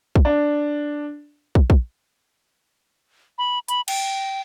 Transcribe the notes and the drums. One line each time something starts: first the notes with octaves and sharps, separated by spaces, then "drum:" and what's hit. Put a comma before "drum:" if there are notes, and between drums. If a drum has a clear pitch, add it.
drum: kick
D4
drum: kick
drum: kick
B5
B5, drum: hi-hat
G5, drum: cymbal